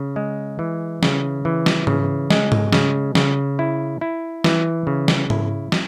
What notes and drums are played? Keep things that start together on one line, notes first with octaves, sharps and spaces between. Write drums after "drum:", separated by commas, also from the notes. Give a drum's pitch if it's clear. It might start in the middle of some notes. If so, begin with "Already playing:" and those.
Already playing: C#3
G#3
E3
C#3, drum: snare
E3
drum: snare
C#3, drum: tom G#2
G#3, drum: snare
drum: tom G#2
C#3, drum: snare
C#3, drum: snare
E4
E4
E3, drum: snare
C#3
drum: snare
E4, drum: tom G#2
drum: snare